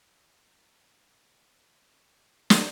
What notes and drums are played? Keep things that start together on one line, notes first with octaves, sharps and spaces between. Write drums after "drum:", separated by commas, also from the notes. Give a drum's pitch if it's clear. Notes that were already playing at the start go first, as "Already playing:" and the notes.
G3 E4
drum: snare